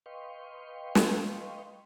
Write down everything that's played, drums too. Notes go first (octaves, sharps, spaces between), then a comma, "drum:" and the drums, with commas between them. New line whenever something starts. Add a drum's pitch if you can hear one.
B4 D#5 F5 G5 C6 C#6
drum: snare